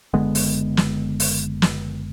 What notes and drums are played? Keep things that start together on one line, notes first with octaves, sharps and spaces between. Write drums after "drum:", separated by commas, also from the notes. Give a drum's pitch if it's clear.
F#1 D3 G#3 B3
drum: open hi-hat
drum: snare
drum: open hi-hat
drum: snare